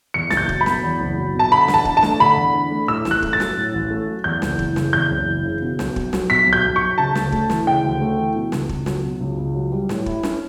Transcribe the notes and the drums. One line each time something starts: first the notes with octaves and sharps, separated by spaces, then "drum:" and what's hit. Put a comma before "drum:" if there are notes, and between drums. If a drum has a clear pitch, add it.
E2 C#7
F#1 A6, drum: snare
G6
F#3, drum: kick
B5
B2, drum: snare
E2
F#1
F#3
B2
A5
D3 B5
E2, drum: snare
A5
D4, drum: kick
A5
A3, drum: snare
D3 B5
E2
D4
A3
A2 E6
A1, drum: snare
F#6
A3, drum: kick
A6
F#3, drum: snare
A2
A1
A3
F#3
E2 G6
F#1, drum: snare
E3, drum: kick
C#3, drum: snare
E2 G6
F#1
E3
C#3
B2
B1, drum: snare
B1, drum: kick
F#3, drum: snare
B2 B6
B1
G6
B1
C#6
F#3
C#3 A5
D2, drum: snare
A3, drum: kick
E3, drum: snare
C#3 G5
D2
A3
E3
B2
C#2, drum: snare
C#2, drum: kick
F#3, drum: snare
B2
C#2
C#2
F#3
G3
A2, drum: snare
E4, drum: kick
C#4, drum: snare